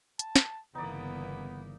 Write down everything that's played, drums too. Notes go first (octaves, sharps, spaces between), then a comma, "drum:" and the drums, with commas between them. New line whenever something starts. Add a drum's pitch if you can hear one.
A5, drum: hi-hat
drum: snare
G1 C#3 E3 A#3 B3 D#4 D5